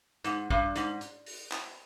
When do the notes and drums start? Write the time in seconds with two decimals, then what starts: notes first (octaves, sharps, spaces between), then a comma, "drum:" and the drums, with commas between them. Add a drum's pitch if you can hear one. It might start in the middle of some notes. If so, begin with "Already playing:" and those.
0.24 G#2, drum: hi-hat
0.50 G2, drum: kick
0.76 G#2, drum: hi-hat
1.01 drum: hi-hat
1.26 drum: open hi-hat
1.52 drum: clap